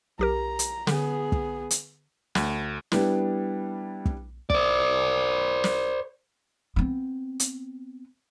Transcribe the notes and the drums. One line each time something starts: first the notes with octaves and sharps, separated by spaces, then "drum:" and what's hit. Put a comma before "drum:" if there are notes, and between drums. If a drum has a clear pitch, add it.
B1 G4 A#4 A#5
drum: hi-hat
D3 B3 G#4, drum: snare
drum: kick
drum: hi-hat
D2, drum: snare
G3 B3 D4 E4, drum: snare
drum: kick
C5 D5, drum: kick
drum: snare
B3 C4
drum: hi-hat